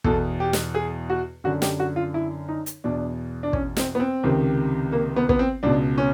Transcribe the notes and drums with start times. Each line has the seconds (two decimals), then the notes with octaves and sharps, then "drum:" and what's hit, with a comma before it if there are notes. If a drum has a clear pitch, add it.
0.04 E2 B2 A4, drum: kick
0.40 G4
0.53 drum: snare
0.75 G#4
1.10 F#4
1.44 F#2 D3 F#4
1.62 G4, drum: snare
1.80 F#4
1.96 F4
2.14 E4
2.49 D#4
2.66 drum: hi-hat
2.84 E2 B2 D4
3.43 D4
3.53 C#4, drum: kick
3.77 C4, drum: snare
3.95 B3
4.00 C4
4.23 C#2 C3 D#3
4.92 A#3
5.16 B3
5.29 B3, drum: kick
5.39 C4
5.63 C#2 B2 D4
5.98 C#4